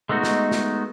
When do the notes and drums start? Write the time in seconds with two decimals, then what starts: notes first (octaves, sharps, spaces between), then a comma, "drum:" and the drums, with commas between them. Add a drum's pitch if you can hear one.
0.09 G#3 A3 B3 D#4 F#4
0.23 drum: snare
0.51 drum: snare